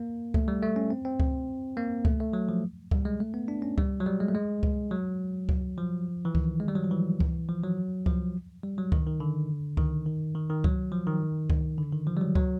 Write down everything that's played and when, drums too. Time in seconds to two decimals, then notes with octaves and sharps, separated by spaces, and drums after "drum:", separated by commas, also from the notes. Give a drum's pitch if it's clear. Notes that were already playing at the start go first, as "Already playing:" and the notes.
Already playing: A#3
0.34 A3, drum: kick C#2
0.48 G3
0.63 A3
0.76 C#4
0.90 C4
1.05 C4
1.20 drum: kick C#2
1.77 A#3
2.05 A3, drum: kick C#2
2.20 A3
2.33 F#3
2.49 F3
2.91 G3, drum: kick C#2
3.05 G#3
3.20 A3
3.34 B3
3.48 D4
3.62 C#4
3.78 G3, drum: kick C#2
4.00 F#3
4.06 G3
4.20 G#3
4.28 A3
4.35 G#3
4.63 drum: kick C#2
4.91 F#3
5.49 drum: kick C#2
5.78 F3
6.25 E3
6.35 D#3, drum: kick C#2
6.60 G#3
6.68 G3
6.75 F#3
6.84 F3
6.91 E3
7.20 drum: kick C#2
7.49 F3
7.63 F#3
8.06 F3, drum: kick C#2
8.63 G3
8.78 F#3
8.92 D#3, drum: kick C#2
9.07 D#3
9.20 D3
9.77 D#3, drum: kick C#2
10.06 D#3
10.35 D#3
10.50 D#3
10.64 F#3, drum: kick C#2
10.92 F3
11.07 D#3
11.50 drum: kick C#2
11.78 D3
11.93 D#3
12.07 F3
12.17 G3
12.21 F#3
12.35 F#3, drum: kick C#2